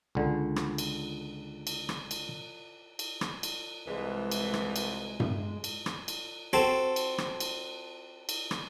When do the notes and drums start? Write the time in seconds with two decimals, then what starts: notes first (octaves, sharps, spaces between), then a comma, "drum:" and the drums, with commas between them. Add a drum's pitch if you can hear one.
0.15 C#2 D3
0.56 drum: rim click
0.78 drum: cymbal
1.67 drum: cymbal
1.89 drum: rim click
2.11 drum: cymbal
2.99 drum: cymbal
3.21 drum: rim click
3.43 drum: cymbal
3.87 C2 E3 G#3
4.31 drum: cymbal
4.54 drum: rim click
4.76 drum: cymbal
5.20 drum: tom G2
5.64 drum: cymbal
5.86 drum: rim click
6.08 drum: cymbal
6.53 C4 F#4 A4
6.96 drum: cymbal
7.18 drum: rim click
7.40 drum: cymbal
8.29 drum: cymbal
8.51 drum: rim click